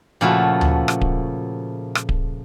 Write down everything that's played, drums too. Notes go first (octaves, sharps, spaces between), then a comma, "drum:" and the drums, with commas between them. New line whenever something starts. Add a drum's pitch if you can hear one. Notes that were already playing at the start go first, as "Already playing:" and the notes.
A#2 C#3 F3 A3 E4 F#4
drum: tom D2
drum: rim click
drum: kick D1
drum: rim click
drum: kick D1